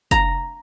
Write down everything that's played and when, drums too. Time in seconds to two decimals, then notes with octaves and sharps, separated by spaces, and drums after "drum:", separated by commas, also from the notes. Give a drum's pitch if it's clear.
0.11 A#5, drum: kick, hi-hat